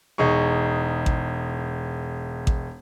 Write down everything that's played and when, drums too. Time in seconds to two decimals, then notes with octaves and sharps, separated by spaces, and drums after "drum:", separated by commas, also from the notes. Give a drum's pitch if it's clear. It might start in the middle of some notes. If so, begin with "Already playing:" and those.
0.18 E1 D#4 G#4 C#6
1.06 drum: kick A1
2.47 drum: kick A1